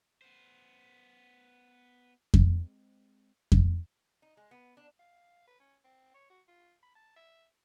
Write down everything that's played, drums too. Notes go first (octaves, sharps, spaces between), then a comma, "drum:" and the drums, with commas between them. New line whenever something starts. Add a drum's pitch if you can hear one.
B3 C5
G#3 C4, drum: kick F2
drum: kick F2
D#4
G#3
B3
D4
F5
B4
C#4
C4
C#5
F#4
F4
B5
A5
E5